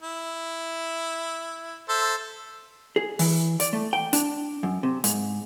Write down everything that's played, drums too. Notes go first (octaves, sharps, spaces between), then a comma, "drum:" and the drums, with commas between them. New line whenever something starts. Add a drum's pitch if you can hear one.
E4
A4 C5 E5
G#4
E3, drum: open hi-hat
D5, drum: hi-hat
A3
G5
D4, drum: hi-hat
F#2
C3
G#2, drum: hi-hat